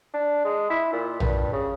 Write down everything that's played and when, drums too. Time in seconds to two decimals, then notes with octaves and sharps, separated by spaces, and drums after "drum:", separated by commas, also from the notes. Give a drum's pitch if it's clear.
0.14 D4
0.44 G#3
0.70 E4
0.93 A#2
1.20 G2, drum: tom A#1
1.52 C#3